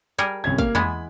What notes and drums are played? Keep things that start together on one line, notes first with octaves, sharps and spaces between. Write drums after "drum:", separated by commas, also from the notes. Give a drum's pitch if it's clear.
G3 G#4 A#4
C2 C#4 G#6
A#3 F5, drum: kick
E3 G#3 B3 B5, drum: tom E2